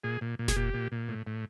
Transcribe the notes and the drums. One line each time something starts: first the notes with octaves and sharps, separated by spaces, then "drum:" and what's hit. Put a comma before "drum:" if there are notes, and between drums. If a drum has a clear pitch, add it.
A#2 G#4
A#2
A#2
G#4, drum: snare F1
A#2 G4
A#2
A#2
A2
A2